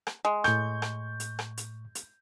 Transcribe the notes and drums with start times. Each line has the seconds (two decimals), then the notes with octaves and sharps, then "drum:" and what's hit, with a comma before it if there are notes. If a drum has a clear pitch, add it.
0.07 drum: rim click
0.25 G#3
0.44 A2 C#6 G6, drum: rim click
0.82 drum: rim click
1.20 drum: hi-hat
1.39 drum: rim click
1.57 drum: hi-hat
1.95 drum: hi-hat